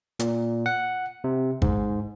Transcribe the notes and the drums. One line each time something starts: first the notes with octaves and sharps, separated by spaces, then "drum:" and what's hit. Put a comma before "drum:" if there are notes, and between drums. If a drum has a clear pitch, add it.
A#2, drum: hi-hat
F#5
C3
G#2, drum: kick